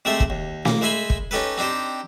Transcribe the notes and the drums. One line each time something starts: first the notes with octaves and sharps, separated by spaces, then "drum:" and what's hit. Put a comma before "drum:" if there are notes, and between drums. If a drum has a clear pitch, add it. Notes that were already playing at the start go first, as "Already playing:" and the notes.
C3 G#3 A3 A4 C5 E5
drum: kick
D#2
A#3, drum: snare
G#3 C5 E5 G#5 B5
drum: kick
C#4 D#4 G4 A4 B4
C4 D4 D#4 G4 C5